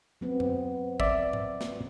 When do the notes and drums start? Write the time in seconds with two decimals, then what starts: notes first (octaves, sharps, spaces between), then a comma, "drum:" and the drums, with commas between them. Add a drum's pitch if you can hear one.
0.21 F#3 B3 C4
0.40 drum: tom F#2
1.00 D5 E5, drum: kick
1.33 drum: tom G#2
1.61 drum: snare